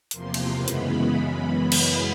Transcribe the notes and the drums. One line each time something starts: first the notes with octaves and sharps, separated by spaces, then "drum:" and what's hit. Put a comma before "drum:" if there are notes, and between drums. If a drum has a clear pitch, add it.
E2 C3 F3 A#3 C6, drum: hi-hat
drum: cymbal
F#2 C#3 E3 G#3 B3 B5
drum: hi-hat
drum: cymbal